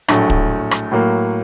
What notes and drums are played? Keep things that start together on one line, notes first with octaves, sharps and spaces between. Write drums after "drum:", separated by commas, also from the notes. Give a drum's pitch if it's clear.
A#1 A2 F#3 A3, drum: rim click
drum: kick
drum: rim click
A2 F#3 A#3